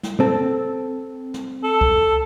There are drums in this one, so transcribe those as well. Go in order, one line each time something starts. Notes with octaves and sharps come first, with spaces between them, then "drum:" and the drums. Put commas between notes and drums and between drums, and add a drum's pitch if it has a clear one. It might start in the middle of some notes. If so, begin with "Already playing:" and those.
drum: snare
C4 A4
drum: snare
A4
drum: kick C2